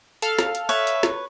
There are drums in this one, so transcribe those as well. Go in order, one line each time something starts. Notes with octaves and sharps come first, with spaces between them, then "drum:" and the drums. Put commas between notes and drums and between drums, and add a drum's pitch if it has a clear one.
A4 F5 F6, drum: hi-hat
drum: snare
drum: hi-hat
B4 C#5 E5
drum: hi-hat
drum: snare